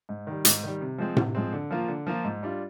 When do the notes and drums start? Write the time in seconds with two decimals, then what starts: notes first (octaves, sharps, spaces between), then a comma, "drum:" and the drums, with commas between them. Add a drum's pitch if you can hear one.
0.09 G#2
0.27 D#3 G3
0.45 G#2, drum: hi-hat
0.63 D#3 G3
0.81 C3
0.98 F3 G#3 C4
1.17 C3, drum: tom A2
1.35 F3 G#3 C4
1.53 D3
1.70 F3 A#3 F4
1.88 D3
2.07 F3 A#3 F4
2.24 G#2
2.43 G3 D4 F4